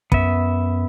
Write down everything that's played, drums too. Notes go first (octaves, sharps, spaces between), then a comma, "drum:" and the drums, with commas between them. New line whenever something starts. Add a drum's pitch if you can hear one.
F#2 B3 E5, drum: kick